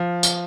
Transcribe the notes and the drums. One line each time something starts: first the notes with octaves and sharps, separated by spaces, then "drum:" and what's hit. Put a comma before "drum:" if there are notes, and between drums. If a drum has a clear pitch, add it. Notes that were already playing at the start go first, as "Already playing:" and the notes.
Already playing: F3
drum: tambourine